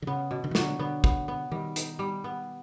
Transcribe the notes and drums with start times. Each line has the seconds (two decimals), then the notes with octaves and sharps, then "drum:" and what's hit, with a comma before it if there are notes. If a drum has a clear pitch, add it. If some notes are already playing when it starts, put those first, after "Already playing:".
0.02 D3
0.07 C#3 B3
0.31 B2
0.44 D3
0.51 D#3
0.55 F#3, drum: snare
0.60 D3
0.79 D3 B3
1.04 B3, drum: kick
1.28 B3
1.52 D#3 G3
1.76 D#4, drum: hi-hat
1.99 G3
2.24 B3